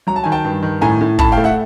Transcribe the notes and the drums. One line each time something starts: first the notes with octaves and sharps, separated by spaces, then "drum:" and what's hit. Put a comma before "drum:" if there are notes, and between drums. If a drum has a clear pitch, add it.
F#3 A#5
A5
D#3 G#5
G5 A5
G2
D#3
A2 G#5 A#5
A2
A2 A5 B5, drum: kick
F5 G5
A3
E5 F#5